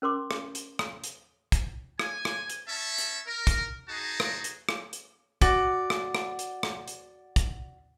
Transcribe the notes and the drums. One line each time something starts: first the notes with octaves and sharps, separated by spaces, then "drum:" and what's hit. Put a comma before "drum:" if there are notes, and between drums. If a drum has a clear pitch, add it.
C#4 A#4 C6 D6
drum: rim click
drum: hi-hat
drum: rim click
drum: hi-hat
drum: kick, hi-hat
G#5, drum: rim click
drum: rim click
drum: hi-hat
C#4 E5 A5
drum: hi-hat
A#4
drum: kick, hi-hat
D#4 F#4 G#4 D#5 A5
drum: rim click
drum: hi-hat
drum: rim click
drum: hi-hat
F#4 D5, drum: kick, hi-hat
drum: rim click
drum: rim click
drum: hi-hat
drum: rim click
drum: hi-hat
drum: kick, hi-hat